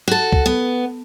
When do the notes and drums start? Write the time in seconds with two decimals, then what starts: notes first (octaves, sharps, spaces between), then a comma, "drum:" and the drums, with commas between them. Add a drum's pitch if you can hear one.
0.08 F#4 A4
0.32 drum: kick
0.46 B3